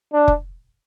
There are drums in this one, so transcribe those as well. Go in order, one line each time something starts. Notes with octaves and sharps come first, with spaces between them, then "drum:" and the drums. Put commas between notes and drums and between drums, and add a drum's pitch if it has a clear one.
D4
drum: kick F1